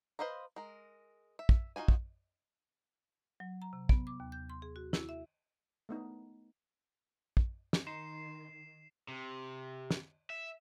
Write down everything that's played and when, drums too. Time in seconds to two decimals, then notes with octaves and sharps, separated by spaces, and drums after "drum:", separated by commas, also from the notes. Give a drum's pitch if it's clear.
0.19 B4 C5 D#5 F5 A#5
0.56 G#3 A#4
1.39 E5
1.49 drum: kick
1.76 D#4 F4 F#4 G#5
1.88 drum: kick
3.40 F#3
3.62 A#5
3.73 C3
3.89 B3, drum: kick
4.07 D6
4.20 D#2
4.32 G6
4.50 C6
4.62 G#4
4.76 F#4
4.93 E4, drum: snare
5.09 E5
5.89 A3 B3 D#4
7.37 drum: kick
7.73 drum: snare
7.87 D#3 D#4 C6 C7 E7
9.08 C3
9.91 drum: snare
10.30 E5